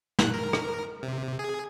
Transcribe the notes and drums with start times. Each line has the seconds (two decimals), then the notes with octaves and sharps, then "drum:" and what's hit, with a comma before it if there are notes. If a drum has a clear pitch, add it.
0.19 A#2 F#6, drum: snare
0.34 A#4
0.53 drum: rim click
1.03 C3
1.39 G#4